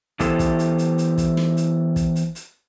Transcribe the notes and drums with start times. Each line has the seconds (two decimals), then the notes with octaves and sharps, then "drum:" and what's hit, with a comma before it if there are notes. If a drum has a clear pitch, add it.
0.20 E3 B3 E4 G4 A4 C5, drum: kick, hi-hat
0.39 drum: kick, hi-hat
0.59 drum: hi-hat
0.78 drum: hi-hat
0.98 drum: hi-hat
1.18 drum: kick, hi-hat
1.37 drum: snare
1.57 drum: hi-hat
1.96 drum: kick, hi-hat
2.16 drum: hi-hat
2.35 drum: hi-hat